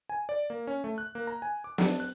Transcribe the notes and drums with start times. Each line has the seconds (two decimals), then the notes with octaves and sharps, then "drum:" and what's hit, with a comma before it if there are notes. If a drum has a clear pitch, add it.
0.09 G#5
0.29 D5
0.50 A#3
0.67 C#4
0.84 A3
0.98 F#6
1.15 A#3
1.27 A#5
1.42 G#5
1.64 D6
1.78 D4, drum: snare
2.00 F#6